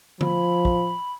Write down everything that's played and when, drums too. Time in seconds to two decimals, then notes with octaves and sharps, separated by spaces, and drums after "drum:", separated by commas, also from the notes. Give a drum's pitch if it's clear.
0.21 F3 B5, drum: tom
0.65 drum: kick